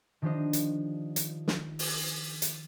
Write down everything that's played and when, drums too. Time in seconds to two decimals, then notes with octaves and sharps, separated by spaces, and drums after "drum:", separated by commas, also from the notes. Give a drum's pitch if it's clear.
0.22 D#3 F3 D4 G4 C5 D#5
0.53 drum: hi-hat
1.16 drum: hi-hat
1.48 drum: snare
1.79 drum: open hi-hat
2.42 drum: hi-hat